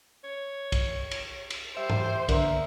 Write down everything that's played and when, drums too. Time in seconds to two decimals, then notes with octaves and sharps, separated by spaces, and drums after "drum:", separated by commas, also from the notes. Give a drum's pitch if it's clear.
0.24 C#5
0.72 drum: kick, cymbal
1.11 drum: cymbal
1.50 drum: cymbal
1.77 G3 C5 E5
1.90 drum: tom G#2
2.29 D3 B3 A#4 E5, drum: kick, cymbal